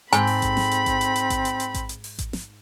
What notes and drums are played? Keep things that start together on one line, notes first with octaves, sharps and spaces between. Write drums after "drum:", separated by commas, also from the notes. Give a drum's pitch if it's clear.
G#2 C4 A4 G5 G#5 B5, drum: hi-hat
drum: open hi-hat
drum: kick A1, hi-hat
drum: snare
drum: hi-hat
drum: kick A1, hi-hat
drum: hi-hat
drum: hi-hat
drum: kick A1, hi-hat
drum: hi-hat
drum: hi-hat
drum: kick A1, hi-hat
drum: hi-hat
drum: open hi-hat
drum: kick A1, hi-hat
drum: snare